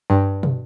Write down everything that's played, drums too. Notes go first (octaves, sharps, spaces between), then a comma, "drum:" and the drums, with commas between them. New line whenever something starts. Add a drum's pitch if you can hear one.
G2
drum: tom